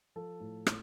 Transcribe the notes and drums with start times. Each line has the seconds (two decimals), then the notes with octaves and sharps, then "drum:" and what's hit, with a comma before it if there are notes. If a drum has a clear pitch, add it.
0.16 F3 A4
0.40 A2
0.67 A2, drum: rim click